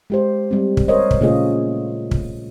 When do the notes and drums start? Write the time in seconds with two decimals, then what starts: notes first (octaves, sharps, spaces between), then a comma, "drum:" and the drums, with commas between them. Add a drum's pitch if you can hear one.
0.10 G#3 G4 C5
0.51 G3 C4
0.77 drum: kick
0.88 A#4 C5 C#5 D#5
1.11 drum: kick
1.21 A#2 C#3 A3 F4 G#4 D#5
2.11 drum: kick